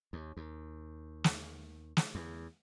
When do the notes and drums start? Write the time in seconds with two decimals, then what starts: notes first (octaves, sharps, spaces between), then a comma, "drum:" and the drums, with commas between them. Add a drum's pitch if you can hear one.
0.13 D#2
0.37 D#2
1.24 drum: snare
1.97 drum: snare
2.15 E2